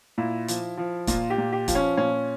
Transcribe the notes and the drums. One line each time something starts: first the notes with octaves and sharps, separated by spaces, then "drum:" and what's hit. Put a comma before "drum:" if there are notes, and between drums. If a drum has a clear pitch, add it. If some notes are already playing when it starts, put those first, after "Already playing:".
A#2 E4
F3, drum: hi-hat
F3
A#2 F4, drum: kick, hi-hat
G4
A#2
G4
F3, drum: kick, hi-hat
C#4
A#2 C#4